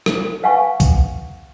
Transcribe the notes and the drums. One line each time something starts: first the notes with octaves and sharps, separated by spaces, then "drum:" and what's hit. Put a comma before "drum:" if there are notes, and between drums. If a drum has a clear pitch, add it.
drum: rim click
B4 F5 F#5 G#5 C#6
drum: kick B1, tambourine